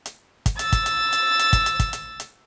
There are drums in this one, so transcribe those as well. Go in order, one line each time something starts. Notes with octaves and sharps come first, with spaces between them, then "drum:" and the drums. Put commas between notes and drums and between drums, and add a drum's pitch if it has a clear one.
drum: hi-hat
drum: kick, hi-hat
E6 A6, drum: hi-hat
drum: kick, hi-hat
drum: hi-hat
drum: hi-hat
drum: hi-hat
drum: kick, hi-hat
drum: hi-hat
drum: kick, hi-hat
drum: hi-hat
drum: hi-hat